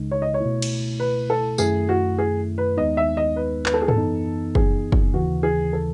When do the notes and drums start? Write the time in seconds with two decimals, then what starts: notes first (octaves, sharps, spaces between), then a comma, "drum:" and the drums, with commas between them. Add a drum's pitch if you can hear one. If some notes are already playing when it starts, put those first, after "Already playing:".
Already playing: C#2 C#3 G#3 D#4
0.11 C#5
0.22 D#5
0.34 C#5
0.40 B2 A3 E4
0.62 drum: cymbal
1.00 B4
1.30 A4
1.58 F#2 D#3 A3 E4 G#4, drum: tambourine
1.89 F#4
2.19 G#4
2.58 B4
2.77 D#2 D#3 G#3 B3 D#4 D#5
2.97 E5
3.17 D#5
3.36 B4
3.66 B4, drum: clap
3.74 A4
3.82 G#4
3.88 A4, drum: tom G#2
3.96 F#2 E3 B3 D#4
4.55 G#4, drum: kick
4.92 drum: kick
5.14 D#2 C#3 E3 F#4
5.43 G#4
5.73 A4